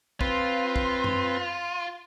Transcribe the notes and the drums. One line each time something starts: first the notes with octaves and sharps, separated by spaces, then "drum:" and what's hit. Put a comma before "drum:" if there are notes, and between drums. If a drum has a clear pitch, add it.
C4 F4 B4, drum: kick
drum: kick
drum: tom F#2